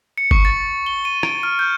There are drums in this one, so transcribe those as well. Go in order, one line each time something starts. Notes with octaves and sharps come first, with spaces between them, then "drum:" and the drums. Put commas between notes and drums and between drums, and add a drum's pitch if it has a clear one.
C#7
C#6, drum: kick G1
A6
G7
D#7
D7, drum: rim click
F6
G6